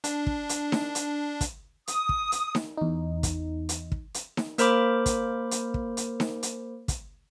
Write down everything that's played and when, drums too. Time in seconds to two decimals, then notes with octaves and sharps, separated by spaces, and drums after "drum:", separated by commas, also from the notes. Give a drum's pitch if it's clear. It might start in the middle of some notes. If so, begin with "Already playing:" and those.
0.04 D4, drum: hi-hat
0.26 drum: kick
0.49 drum: hi-hat
0.72 drum: snare D#4
0.95 drum: hi-hat
1.41 drum: kick, hi-hat
1.87 D#6, drum: hi-hat
2.09 drum: kick
2.32 drum: hi-hat
2.55 drum: snare D#4
2.78 E2 D#4
3.23 drum: kick, hi-hat
3.69 drum: hi-hat
3.92 drum: kick
4.14 drum: hi-hat
4.37 drum: snare D#4
4.58 A#3 A#4 C5 B5 D6, drum: hi-hat
5.06 drum: kick, hi-hat
5.51 drum: hi-hat
5.74 drum: kick
5.97 drum: hi-hat
6.20 drum: snare D#4
6.43 drum: hi-hat
6.88 drum: kick, hi-hat